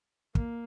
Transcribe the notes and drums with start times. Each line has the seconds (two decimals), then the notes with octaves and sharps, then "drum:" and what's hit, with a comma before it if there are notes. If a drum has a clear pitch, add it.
0.35 A#3, drum: kick